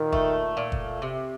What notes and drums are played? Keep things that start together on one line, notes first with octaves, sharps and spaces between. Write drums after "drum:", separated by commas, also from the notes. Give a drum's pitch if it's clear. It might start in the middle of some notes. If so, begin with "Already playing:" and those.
Already playing: A#2 D#3
A3, drum: kick
A#2
drum: kick
C3